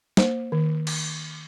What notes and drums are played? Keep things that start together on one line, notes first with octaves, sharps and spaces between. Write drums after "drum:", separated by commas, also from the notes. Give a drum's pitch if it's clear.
A#3 C5, drum: snare
D#3
drum: cymbal